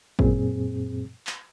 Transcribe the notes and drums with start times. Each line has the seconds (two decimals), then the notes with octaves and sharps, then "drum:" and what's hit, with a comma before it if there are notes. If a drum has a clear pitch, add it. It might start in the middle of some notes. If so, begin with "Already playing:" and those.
0.19 F#2 A#2 C4 G#4, drum: kick
1.27 drum: clap